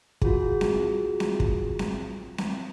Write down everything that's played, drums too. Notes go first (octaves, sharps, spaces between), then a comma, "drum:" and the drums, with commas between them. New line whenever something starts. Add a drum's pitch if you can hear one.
F4 F#4 G#4, drum: kick
drum: snare C4
drum: snare C4
drum: kick
drum: snare C4
drum: snare C4